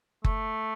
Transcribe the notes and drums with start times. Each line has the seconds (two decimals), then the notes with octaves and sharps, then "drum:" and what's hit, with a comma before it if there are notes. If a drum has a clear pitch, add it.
0.24 A3, drum: kick F#1